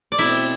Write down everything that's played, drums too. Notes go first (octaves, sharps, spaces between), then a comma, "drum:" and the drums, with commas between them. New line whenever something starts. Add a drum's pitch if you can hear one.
D5
B2 A3 C4 E4 E5, drum: open hi-hat